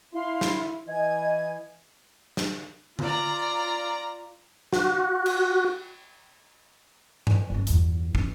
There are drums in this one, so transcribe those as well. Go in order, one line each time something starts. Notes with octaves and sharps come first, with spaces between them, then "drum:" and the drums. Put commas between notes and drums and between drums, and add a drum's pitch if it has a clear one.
E4 F5 C6
drum: snare
E3 D#5 G#5 G#6
drum: snare
F4 D5 A#5, drum: tom D3
F#4, drum: snare
drum: cymbal
drum: tom G2
G1 C#4
G1 E2, drum: hi-hat
E3 C#4, drum: kick